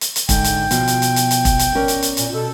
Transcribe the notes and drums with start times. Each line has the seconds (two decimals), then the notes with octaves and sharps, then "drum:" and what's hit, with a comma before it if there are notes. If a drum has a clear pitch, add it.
0.01 drum: hi-hat
0.16 drum: hi-hat
0.29 G#2 D3 G5, drum: kick E1, hi-hat
0.44 drum: hi-hat
0.71 B2 F3, drum: hi-hat
0.87 drum: hi-hat
1.02 drum: hi-hat
1.16 drum: hi-hat
1.31 drum: hi-hat
1.45 drum: kick E1, hi-hat
1.59 drum: hi-hat
1.75 C#4 A#4 D5
1.88 drum: hi-hat
2.02 drum: hi-hat
2.17 A#2, drum: hi-hat
2.32 B2 A4